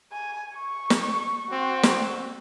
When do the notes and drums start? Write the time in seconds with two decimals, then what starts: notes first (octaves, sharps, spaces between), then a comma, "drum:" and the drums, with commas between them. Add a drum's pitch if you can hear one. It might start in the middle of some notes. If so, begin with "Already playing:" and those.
0.13 G#5
0.57 C#6
0.90 drum: snare
1.52 C4 F#4
1.83 drum: snare